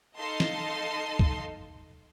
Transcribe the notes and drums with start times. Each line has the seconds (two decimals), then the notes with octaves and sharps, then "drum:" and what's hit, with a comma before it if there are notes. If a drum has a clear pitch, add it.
0.17 D#4 A4 D#5 F5 A5 C6
0.40 drum: snare
1.19 drum: kick